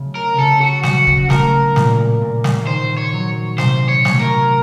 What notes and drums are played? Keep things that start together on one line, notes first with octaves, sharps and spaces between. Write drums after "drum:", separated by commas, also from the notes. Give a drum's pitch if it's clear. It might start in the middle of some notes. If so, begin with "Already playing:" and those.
Already playing: C#3 F#3 A3
A#4
C#3 A4
F#4
F#3 F#4, drum: snare
drum: kick
A3 A#4, drum: snare
A#2, drum: snare
A#2
drum: snare
D#3 C5
C#5
F#3
C3 C5, drum: snare
C#5
A3, drum: snare
A#4